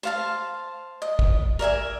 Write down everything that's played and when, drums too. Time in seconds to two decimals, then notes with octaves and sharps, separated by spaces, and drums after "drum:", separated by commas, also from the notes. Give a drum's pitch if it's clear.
0.03 C5 F5 A5
1.02 D#5
1.19 drum: kick
1.59 A#4 D5 E5 G#5